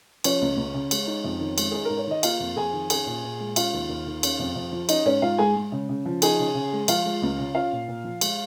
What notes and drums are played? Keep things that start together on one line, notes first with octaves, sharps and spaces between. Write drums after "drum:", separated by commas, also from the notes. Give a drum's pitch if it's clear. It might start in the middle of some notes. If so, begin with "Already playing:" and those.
F3 C#4 C#5, drum: cymbal
C#2
C#2
C#3
G#3, drum: cymbal
D#4
F2
D#3
G#3, drum: cymbal
D#4 G#4
G#2 A#4
C#5
D#3 D#5
A#3 F4 F5, drum: cymbal
F2
F2 G#4 G#5
D#3
C#4 G#4 G#5, drum: cymbal
A#2
A#2
G#3
C#4 F4 F5, drum: cymbal
D#2
D#2
D#3
C#4, drum: cymbal
F2
F2
F3
C#4 D#4 D#5, drum: cymbal
G#2 C#4 C#5
G#2 F4 F5
G#3 G#4 G#5
G#3
C#3
C#3
F3
D#4 G#4 G#5, drum: cymbal
C#3
C#3
G#3
F3 F4 F5, drum: cymbal
G#3
C#2
C#3
C#4 F4 F5
A#2
A#2
F3
G#3, drum: cymbal